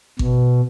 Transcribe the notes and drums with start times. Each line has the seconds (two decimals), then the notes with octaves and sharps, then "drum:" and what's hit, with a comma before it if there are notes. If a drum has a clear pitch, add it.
0.19 B2, drum: kick G#1